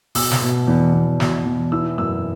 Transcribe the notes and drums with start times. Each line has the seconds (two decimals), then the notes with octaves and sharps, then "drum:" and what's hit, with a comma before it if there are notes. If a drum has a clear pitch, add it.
0.15 B2 E6, drum: open hi-hat
0.31 drum: snare
0.42 B2
0.67 E2
0.93 E2
1.20 B2, drum: snare
1.45 E2
1.72 E3 E6
1.98 F#2 E6